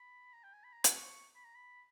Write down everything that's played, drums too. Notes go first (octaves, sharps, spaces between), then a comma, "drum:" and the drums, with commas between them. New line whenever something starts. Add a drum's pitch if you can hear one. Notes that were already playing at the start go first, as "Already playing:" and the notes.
Already playing: B5
A#5
G5
G#5
B5
A#5
C#6, drum: hi-hat
C#6
B5
A#5
B5